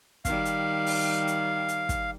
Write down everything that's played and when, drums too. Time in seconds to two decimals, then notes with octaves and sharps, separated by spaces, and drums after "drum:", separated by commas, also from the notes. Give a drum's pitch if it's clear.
0.25 D#3 G3 F5, drum: kick, hi-hat
0.45 drum: hi-hat
0.86 drum: open hi-hat
1.27 drum: hi-hat
1.68 drum: hi-hat
1.89 drum: kick, hi-hat